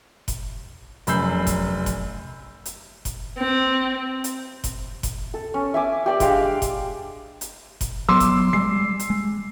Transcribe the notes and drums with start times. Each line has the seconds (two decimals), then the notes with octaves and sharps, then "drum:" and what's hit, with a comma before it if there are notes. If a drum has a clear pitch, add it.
0.28 drum: kick F#1, hi-hat
1.07 F1 F#2 B5 E6 G6 C7, drum: hi-hat
1.47 drum: kick F#1, hi-hat
1.86 drum: kick F#1, hi-hat
2.65 drum: hi-hat
3.05 drum: kick F#1, hi-hat
3.38 C4
4.24 drum: hi-hat
4.64 drum: kick F#1, hi-hat
5.03 drum: kick F#1, hi-hat
5.34 A4
5.54 C#4
5.74 E5 G#5 D6
6.06 G4 D5 G5
6.20 G#3 D4 G4 F5, drum: kick F#1, hi-hat
6.62 drum: kick F#1, hi-hat
7.41 drum: hi-hat
7.81 drum: kick F#1, hi-hat
8.09 F#3 B3 C6 D6 E6
8.20 drum: kick F#1, hi-hat
8.53 G3 G#3 C7
8.99 drum: hi-hat
9.10 G#3